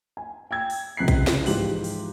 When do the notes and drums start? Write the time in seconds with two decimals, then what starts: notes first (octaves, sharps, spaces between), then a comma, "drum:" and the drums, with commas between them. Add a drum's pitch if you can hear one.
0.17 G#5
0.51 G5 E6 G#6
0.70 drum: open hi-hat
0.97 C#2 C3 F#6 B6 C7
1.08 drum: kick A#1, hi-hat
1.27 drum: snare
1.46 G#2 E3 F3 F4 G4 F#7, drum: open hi-hat
1.84 drum: open hi-hat